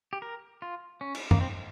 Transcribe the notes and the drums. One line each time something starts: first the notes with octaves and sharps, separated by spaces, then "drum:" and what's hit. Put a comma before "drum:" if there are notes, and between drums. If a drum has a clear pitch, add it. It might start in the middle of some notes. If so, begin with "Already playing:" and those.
G4
A#4
F4
C#4
drum: cymbal
A#3, drum: tom F#2
C4